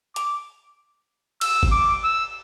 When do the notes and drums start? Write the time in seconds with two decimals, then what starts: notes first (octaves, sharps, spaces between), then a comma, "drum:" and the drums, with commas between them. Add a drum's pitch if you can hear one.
0.16 D6, drum: hi-hat
1.41 E6, drum: cymbal
1.63 drum: kick G1
1.72 D6
2.04 E6